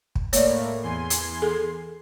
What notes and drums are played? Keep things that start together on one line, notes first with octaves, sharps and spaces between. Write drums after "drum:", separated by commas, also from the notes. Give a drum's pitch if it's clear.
drum: kick
A2 A3 A#3 C#5 D5, drum: hi-hat
E2 G#5 C6
drum: hi-hat
G#4 A4